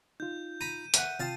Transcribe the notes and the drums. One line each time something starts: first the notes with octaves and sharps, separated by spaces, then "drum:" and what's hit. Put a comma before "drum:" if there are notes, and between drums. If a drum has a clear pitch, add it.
D#4 F4 G6
A#5 B5 D#7
E5 F#5, drum: hi-hat
C3 F4 F5 G5 A5 D#6